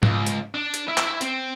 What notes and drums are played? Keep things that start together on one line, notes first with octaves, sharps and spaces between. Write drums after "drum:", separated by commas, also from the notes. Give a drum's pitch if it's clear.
C#2, drum: tom G#2
drum: hi-hat
D4
drum: hi-hat
E4 E5
drum: clap
C4, drum: hi-hat